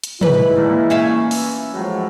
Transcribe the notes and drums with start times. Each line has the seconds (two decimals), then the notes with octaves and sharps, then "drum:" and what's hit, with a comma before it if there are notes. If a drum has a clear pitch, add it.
0.04 drum: hi-hat
0.21 G#2 E3 G#3 E4 B4, drum: tom
0.56 A#2 A3 A#3
0.90 C#4 E5 F5 G#5
1.31 E3, drum: open hi-hat
1.74 A2 F3 F#3 G#3